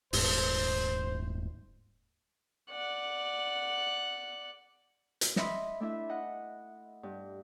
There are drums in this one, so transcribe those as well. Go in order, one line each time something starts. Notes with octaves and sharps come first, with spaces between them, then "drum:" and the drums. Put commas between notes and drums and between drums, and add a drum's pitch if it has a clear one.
D#1 G#2 C5, drum: open hi-hat
D5 F#5
drum: hi-hat
D#5 E5 B5 C6, drum: snare
A3 D4 E4 E5
D#5 F#5 B5
G2